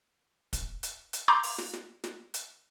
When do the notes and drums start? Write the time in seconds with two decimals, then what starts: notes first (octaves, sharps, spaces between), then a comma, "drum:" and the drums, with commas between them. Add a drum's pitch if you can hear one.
0.53 drum: kick, hi-hat
0.83 drum: hi-hat
1.13 drum: hi-hat
1.28 A#5 C6 D6 G6
1.43 drum: open hi-hat
1.58 drum: snare
1.73 drum: snare
2.04 drum: snare
2.34 drum: hi-hat